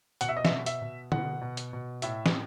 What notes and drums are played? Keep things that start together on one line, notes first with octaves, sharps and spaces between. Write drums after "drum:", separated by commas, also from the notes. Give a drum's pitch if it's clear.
B2 F#5, drum: hi-hat
E5
D#5
E5, drum: snare
B2
E5, drum: hi-hat
B2
B2 F#5, drum: tom D3
B2
drum: hi-hat
B2
A2 E5, drum: hi-hat
drum: snare